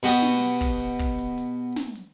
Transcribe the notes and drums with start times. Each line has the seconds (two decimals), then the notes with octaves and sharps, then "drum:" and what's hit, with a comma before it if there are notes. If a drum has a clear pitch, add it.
0.03 B2 F#4 G4 C#6 D#6, drum: hi-hat
0.22 drum: snare
0.41 drum: hi-hat
0.61 drum: kick, hi-hat
0.80 drum: hi-hat
0.99 drum: kick, hi-hat
1.18 drum: hi-hat
1.38 drum: hi-hat
1.76 drum: snare
1.95 drum: hi-hat